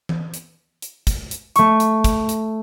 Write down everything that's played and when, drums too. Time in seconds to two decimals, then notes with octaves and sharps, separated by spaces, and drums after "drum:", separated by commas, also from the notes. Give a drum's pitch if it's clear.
0.09 drum: tom E3
0.34 drum: hi-hat
0.82 drum: hi-hat
1.07 drum: kick, hi-hat
1.31 drum: hi-hat
1.56 A3 C#6, drum: hi-hat
1.80 drum: hi-hat
2.04 drum: kick, hi-hat
2.29 drum: hi-hat